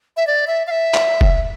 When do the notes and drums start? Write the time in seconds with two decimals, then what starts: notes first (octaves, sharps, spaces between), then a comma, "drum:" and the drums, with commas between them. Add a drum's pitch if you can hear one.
0.17 E5
0.27 D5
0.47 E5
0.67 F5
0.71 E5
0.94 drum: clap
1.21 drum: kick